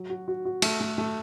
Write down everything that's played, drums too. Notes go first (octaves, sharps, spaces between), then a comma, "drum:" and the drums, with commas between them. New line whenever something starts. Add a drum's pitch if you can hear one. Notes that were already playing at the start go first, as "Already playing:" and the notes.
Already playing: F#3
F#4
F#4
F#4
A3, drum: cymbal
A3
A3